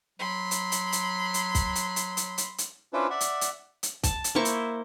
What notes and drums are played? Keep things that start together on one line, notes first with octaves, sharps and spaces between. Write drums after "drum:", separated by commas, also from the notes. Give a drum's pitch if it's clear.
F#3 B5 C6
drum: hi-hat
drum: hi-hat
drum: hi-hat
drum: hi-hat
drum: kick, hi-hat
drum: hi-hat
drum: hi-hat
drum: hi-hat
drum: hi-hat
drum: hi-hat
C#4 D4 E4 F4 B4 C5
D5 E5 F#5
drum: hi-hat
drum: hi-hat
drum: hi-hat
A5, drum: kick, hi-hat
drum: hi-hat
A#3 E4 C5 C#6
drum: hi-hat